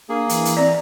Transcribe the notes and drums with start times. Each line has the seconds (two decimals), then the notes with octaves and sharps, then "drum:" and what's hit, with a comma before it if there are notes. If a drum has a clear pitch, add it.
0.09 A#3 D4 G#4
0.29 E3, drum: hi-hat
0.45 drum: hi-hat
0.57 C4 D5 A#5